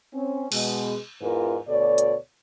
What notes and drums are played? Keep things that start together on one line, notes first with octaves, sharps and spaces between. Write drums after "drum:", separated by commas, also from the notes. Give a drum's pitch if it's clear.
C4 C#4
B2 G#3, drum: cymbal
E2 G#2 E3 F4 A#4 B4
D2 B2 A4 C#5 D5
drum: hi-hat